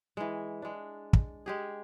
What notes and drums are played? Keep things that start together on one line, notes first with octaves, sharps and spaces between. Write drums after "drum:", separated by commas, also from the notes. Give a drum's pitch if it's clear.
E3 G#3
G#3 D4
drum: kick
G#3 G4 G#4